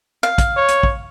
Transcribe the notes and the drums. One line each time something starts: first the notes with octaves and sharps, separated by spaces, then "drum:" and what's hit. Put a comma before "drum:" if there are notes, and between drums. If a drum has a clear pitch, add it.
F5
drum: kick, hi-hat
C#5
drum: hi-hat
drum: kick